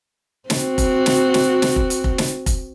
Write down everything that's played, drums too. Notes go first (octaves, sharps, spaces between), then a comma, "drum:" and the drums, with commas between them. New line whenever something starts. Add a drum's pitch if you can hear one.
C4 F#4, drum: snare
drum: kick F1, hi-hat
drum: snare
drum: snare
drum: snare
drum: kick F1
drum: hi-hat
drum: kick F1
drum: snare
drum: kick F1, hi-hat